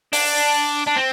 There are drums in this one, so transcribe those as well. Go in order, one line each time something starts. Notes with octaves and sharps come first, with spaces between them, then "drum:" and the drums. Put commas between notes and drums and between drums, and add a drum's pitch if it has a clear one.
D4, drum: open hi-hat
D4
C4